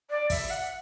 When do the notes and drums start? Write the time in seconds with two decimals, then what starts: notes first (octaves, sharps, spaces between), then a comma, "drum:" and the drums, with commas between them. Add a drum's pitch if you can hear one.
0.10 D5
0.30 E5, drum: kick, open hi-hat
0.50 F#5